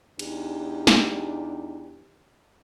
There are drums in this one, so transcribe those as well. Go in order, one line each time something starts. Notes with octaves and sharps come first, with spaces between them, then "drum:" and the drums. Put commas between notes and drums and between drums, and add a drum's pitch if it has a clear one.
E2 D4 D#4 G4, drum: cymbal
drum: snare